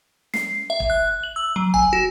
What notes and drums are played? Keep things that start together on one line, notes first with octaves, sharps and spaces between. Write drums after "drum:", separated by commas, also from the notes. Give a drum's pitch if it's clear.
C7, drum: snare
E5
drum: kick
F#6
F#7
E6
F#3
G#5, drum: kick
F#4